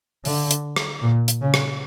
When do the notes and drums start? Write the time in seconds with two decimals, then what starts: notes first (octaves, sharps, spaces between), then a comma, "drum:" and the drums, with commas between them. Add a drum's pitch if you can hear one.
0.25 D3, drum: open hi-hat
0.51 drum: hi-hat
0.76 drum: rim click
1.02 A#2
1.28 drum: hi-hat
1.41 C#3
1.54 drum: rim click